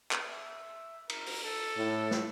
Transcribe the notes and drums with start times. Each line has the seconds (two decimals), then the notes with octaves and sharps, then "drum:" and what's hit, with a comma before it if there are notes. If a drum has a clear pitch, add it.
0.11 drum: clap
0.23 E5
1.09 A#4, drum: cymbal
1.26 drum: open hi-hat
1.44 A4
1.77 A2
2.11 drum: snare